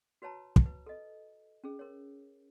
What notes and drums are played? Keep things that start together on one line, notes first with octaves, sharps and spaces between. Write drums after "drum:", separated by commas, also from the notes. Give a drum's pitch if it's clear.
F#4 B4 C#5 A5 A#5
drum: kick
B4
A4 D#5
C#4 G#4
A#4 C#5